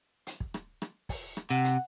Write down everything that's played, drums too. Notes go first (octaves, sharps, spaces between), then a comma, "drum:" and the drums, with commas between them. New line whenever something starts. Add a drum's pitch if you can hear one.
drum: hi-hat
drum: kick
drum: rim click
drum: rim click
drum: kick, open hi-hat
drum: rim click
C3 F#5
drum: hi-hat